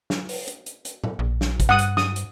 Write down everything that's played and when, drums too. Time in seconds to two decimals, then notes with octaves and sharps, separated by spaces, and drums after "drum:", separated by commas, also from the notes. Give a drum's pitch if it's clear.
0.10 drum: snare
0.29 drum: open hi-hat
0.47 drum: hi-hat
0.66 drum: hi-hat
0.85 drum: hi-hat
1.04 drum: tom A2
1.19 A#1
1.41 drum: snare
1.60 drum: kick G#1, hi-hat
1.69 G2 F#5 D#6
1.78 drum: hi-hat
1.97 D#6, drum: snare
2.16 drum: hi-hat